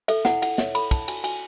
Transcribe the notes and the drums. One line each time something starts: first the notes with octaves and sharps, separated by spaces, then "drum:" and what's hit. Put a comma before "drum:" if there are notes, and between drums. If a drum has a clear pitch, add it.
A4 E5, drum: cymbal
E4 F#5, drum: snare
E4 F#5, drum: cymbal
C#5 E5, drum: snare
A4 B5, drum: cymbal
E4 A5, drum: kick, cymbal
F#4 G#5, drum: cymbal
F#4 G#5, drum: cymbal